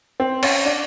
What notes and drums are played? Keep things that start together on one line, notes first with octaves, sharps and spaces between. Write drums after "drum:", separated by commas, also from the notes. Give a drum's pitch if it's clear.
C4
C#4, drum: cymbal
D4